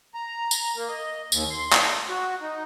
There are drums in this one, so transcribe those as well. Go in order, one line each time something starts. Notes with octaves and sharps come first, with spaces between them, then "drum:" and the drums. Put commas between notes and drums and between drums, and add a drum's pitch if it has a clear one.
A#5
drum: tambourine
A#3
D#5
D#2, drum: tambourine
C6
drum: clap
F#4
D#4